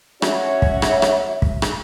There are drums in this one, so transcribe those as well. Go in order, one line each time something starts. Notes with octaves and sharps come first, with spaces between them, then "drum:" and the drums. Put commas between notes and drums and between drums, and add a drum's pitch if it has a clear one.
C#4 F#4 C#5 E5, drum: rim click
drum: kick
drum: rim click
drum: rim click
drum: kick
drum: rim click